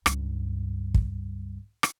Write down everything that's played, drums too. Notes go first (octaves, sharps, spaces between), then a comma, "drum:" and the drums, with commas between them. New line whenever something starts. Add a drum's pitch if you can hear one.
C#2 G2, drum: rim click
drum: kick
drum: rim click